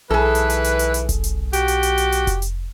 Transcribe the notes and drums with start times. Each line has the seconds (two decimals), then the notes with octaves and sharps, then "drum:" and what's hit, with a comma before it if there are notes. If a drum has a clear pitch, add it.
0.11 B1 E3 G#4 A4 B4
0.35 drum: hi-hat
0.50 drum: hi-hat
0.64 drum: hi-hat
0.79 drum: hi-hat
0.94 drum: hi-hat
1.09 drum: kick F1, hi-hat
1.24 drum: hi-hat
1.53 F#4 G4, drum: hi-hat
1.68 drum: hi-hat
1.83 drum: hi-hat
1.98 drum: hi-hat
2.12 drum: hi-hat
2.27 drum: kick F1, hi-hat
2.42 drum: hi-hat